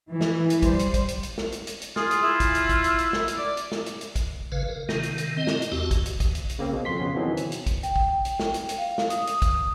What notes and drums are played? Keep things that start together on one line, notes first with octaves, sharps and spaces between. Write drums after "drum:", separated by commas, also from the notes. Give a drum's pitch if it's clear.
E3
drum: snare
drum: hi-hat
G3 C5, drum: kick, hi-hat
drum: hi-hat
drum: kick, hi-hat
drum: hi-hat
drum: hi-hat
drum: snare
drum: hi-hat
drum: hi-hat
drum: hi-hat
F4 G#4, drum: snare
drum: hi-hat
E4
drum: kick, hi-hat
drum: hi-hat
drum: kick, hi-hat
drum: hi-hat
drum: hi-hat
drum: snare
drum: hi-hat
D5
drum: hi-hat
drum: snare
drum: hi-hat
drum: hi-hat
drum: kick, hi-hat
G#1 C#3 B4 F5
A#4
C3 D#3, drum: snare
drum: hi-hat
drum: hi-hat
C4 D#5
drum: snare
drum: hi-hat
E2 F#4 G4 A5
drum: kick, hi-hat
drum: hi-hat
drum: kick, hi-hat
drum: hi-hat
drum: hi-hat
C#3 A#3 C4
B2
F2 C6 B6
C#3 B3 C#4
B2 D#3 E3 F#3 C4
drum: hi-hat
drum: hi-hat
drum: kick, hi-hat
G5, drum: hi-hat
drum: kick
drum: hi-hat
drum: snare
drum: hi-hat
drum: hi-hat
F5
drum: snare
D#6, drum: hi-hat
drum: hi-hat
drum: kick, hi-hat